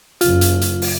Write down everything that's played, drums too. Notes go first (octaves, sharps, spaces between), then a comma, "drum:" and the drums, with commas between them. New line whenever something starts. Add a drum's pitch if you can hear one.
F#1 F4, drum: hi-hat
drum: hi-hat
drum: hi-hat
drum: open hi-hat